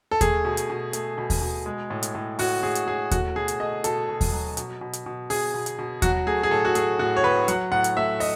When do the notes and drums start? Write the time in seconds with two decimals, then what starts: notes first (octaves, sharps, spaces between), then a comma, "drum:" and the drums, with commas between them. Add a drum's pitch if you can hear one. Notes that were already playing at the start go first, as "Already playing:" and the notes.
0.11 A4
0.21 A3 G#4, drum: kick D#2, hi-hat
0.45 B2
0.57 drum: hi-hat
0.70 B2
0.93 A3, drum: hi-hat
1.18 B2
1.30 drum: kick D#2, open hi-hat
1.41 B2
1.66 G#3
1.90 A2
2.03 drum: hi-hat
2.15 A2
2.39 A2 F#4, drum: open hi-hat
2.63 A2 G#4
2.75 drum: hi-hat
2.87 A2 G#4
3.11 A3 F#4, drum: kick D#2, hi-hat
3.36 B2 G#4
3.48 drum: hi-hat
3.60 A3 D#5
3.84 B2 A4, drum: hi-hat
4.09 B2
4.21 drum: kick D#2, open hi-hat
4.33 F#3
4.57 B2, drum: hi-hat
4.81 B2
4.93 drum: hi-hat
5.06 B2
5.30 B2 G#4, drum: open hi-hat
5.54 B2
5.66 drum: hi-hat
5.79 B2
6.02 F#3 F#4, drum: kick D#2, hi-hat
6.27 A3 G#4
6.43 G#4
6.51 A2 A4
6.65 F#4
6.75 A3 G#4, drum: hi-hat
6.99 A2 F#4
7.17 C#5
7.24 A2 B4
7.48 F#3 F#5, drum: hi-hat
7.72 A2 F#5
7.84 drum: hi-hat
7.97 A3 E5
8.20 D#5, drum: open hi-hat